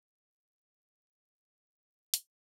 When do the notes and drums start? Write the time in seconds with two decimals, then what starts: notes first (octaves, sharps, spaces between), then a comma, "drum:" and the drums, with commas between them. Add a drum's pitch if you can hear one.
0.07 G2 B4
0.23 G2
0.29 B4
0.40 D3
0.50 B4
0.55 F3
0.71 F2 C5
0.87 G#3
1.03 C#3 C#5
1.19 F3
1.34 D#2 B4
1.51 D#2
1.66 D#3
1.83 F#3
1.98 C#3
2.14 C#3, drum: hi-hat
2.30 F3